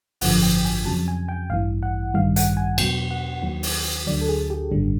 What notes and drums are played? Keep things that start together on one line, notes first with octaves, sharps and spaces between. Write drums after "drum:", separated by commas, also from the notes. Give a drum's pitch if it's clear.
G#1 F#2 D3 F3 F#5, drum: open hi-hat
G5
G#5
F2 C#3 F#3 A5
G#5
G5
A1 G2 E3 F5
F#5
A1 G2 D#3 G3 F5
F#5, drum: hi-hat
G#5
E2 B2 F#3 G5, drum: cymbal
F#5
D#2 D#3 F#3
drum: open hi-hat
D2 D3 F#3 D5
A4
G#4
G4
G#1 F#2 D3 G3